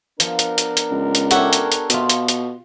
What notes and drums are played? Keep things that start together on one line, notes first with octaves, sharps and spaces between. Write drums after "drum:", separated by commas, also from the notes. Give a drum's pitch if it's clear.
F3 B3 D4 A#4, drum: hi-hat
drum: hi-hat
drum: hi-hat
drum: hi-hat
C#2
drum: hi-hat
G4 A4 C#5 E5 F#5, drum: hi-hat
drum: hi-hat
drum: hi-hat
B2 F4 E5, drum: hi-hat
drum: hi-hat
drum: hi-hat